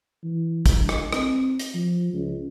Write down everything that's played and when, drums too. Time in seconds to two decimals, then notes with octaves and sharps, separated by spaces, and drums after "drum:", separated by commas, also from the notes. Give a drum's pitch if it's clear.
0.23 E3
0.66 drum: kick, hi-hat
0.78 G2
0.89 drum: rim click
1.13 C4, drum: rim click
1.59 drum: hi-hat
1.74 F3
2.13 C#2